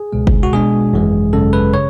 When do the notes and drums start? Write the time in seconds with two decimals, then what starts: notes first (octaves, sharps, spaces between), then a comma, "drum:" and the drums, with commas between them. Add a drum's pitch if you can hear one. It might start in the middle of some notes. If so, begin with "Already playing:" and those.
Already playing: G#4
0.13 C#2 B2 G#3
0.27 drum: kick F#1
0.43 F#4
0.53 B2 G#3 D4 G#4
0.93 G#1 F#2 E3 G#3
1.33 G#1 F#2 C#3 G#3 C#4 A4
1.53 B4
1.74 C#3 C#5